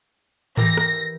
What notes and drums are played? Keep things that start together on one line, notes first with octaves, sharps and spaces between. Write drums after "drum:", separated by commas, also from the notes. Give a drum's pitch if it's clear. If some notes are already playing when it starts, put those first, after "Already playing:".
E3 G4 A#4 A#6, drum: tom G#2
drum: rim click